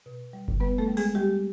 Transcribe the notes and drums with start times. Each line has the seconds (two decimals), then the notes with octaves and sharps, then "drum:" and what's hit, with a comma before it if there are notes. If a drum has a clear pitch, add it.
0.06 B2
0.33 G3
0.48 drum: kick F#1
0.60 G3 B3 B4
0.78 A3 A4
0.88 G3
0.97 G#3 G#4, drum: open hi-hat
1.15 G3 G#3 G4